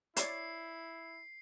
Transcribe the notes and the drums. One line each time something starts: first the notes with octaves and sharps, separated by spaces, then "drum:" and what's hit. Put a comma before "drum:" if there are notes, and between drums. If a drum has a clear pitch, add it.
E4 C#5 D5 C7, drum: hi-hat